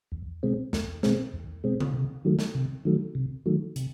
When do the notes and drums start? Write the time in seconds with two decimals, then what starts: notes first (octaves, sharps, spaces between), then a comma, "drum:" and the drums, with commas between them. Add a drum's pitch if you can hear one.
0.12 E2
0.43 B2 G#3 C4
0.73 E2, drum: snare
1.03 B2 G#3 C4, drum: snare
1.33 E2
1.64 B2 G#3 C4
1.80 drum: tom C#3
1.94 C3
2.25 D#3 F#3 A3
2.39 drum: snare
2.55 C3
2.85 D#3 F#3 A3
3.15 C3
3.46 D#3 F#3 A3
3.76 C3, drum: hi-hat